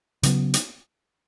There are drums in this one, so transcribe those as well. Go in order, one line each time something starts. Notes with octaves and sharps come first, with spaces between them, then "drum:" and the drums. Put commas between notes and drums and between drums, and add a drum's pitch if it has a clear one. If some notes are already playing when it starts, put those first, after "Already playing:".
C#3 F#3 B3, drum: hi-hat
drum: hi-hat